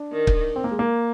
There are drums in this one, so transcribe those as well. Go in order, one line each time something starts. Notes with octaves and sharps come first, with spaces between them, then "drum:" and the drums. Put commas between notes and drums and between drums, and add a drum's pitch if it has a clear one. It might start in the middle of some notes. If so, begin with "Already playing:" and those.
Already playing: D4
D#3
drum: kick
C4
A#3
G#3
A#3